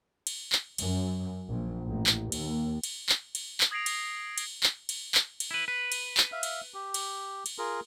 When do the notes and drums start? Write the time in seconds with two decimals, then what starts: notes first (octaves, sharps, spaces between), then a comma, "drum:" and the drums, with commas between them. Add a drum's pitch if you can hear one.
0.27 drum: cymbal
0.52 drum: clap
0.78 F#2, drum: cymbal
1.47 A#1
1.85 A1
2.06 drum: clap
2.32 D#2, drum: cymbal
2.83 drum: cymbal
3.09 drum: clap
3.35 drum: cymbal
3.61 drum: clap
3.71 D#6 G#6 A#6 C7 D7 F7
3.86 drum: cymbal
4.38 drum: cymbal
4.63 drum: clap
4.89 drum: cymbal
5.15 drum: clap
5.40 drum: cymbal
5.51 E4 B4
5.68 B4
5.92 drum: cymbal
6.17 drum: clap
6.32 E5 F5
6.43 drum: cymbal
6.74 G4
6.94 drum: cymbal
7.46 drum: cymbal
7.58 F4 G#4 A#4